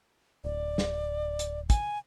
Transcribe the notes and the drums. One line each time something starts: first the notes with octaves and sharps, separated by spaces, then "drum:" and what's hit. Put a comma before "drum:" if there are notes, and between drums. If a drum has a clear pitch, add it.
D1 D5
drum: snare
drum: hi-hat
G#5, drum: kick, hi-hat